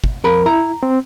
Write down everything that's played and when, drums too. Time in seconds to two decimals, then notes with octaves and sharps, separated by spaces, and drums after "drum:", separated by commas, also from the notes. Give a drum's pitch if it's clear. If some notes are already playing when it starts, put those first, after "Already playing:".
0.04 drum: kick
0.24 F2 A#4 B5
0.46 E4 A#5
0.83 C4